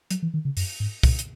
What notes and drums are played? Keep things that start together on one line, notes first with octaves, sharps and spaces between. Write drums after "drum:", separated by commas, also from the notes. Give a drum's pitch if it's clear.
F#3, drum: hi-hat
E3
D#3
C#3
F#2, drum: open hi-hat
G#2
A#2, drum: kick, open hi-hat
drum: hi-hat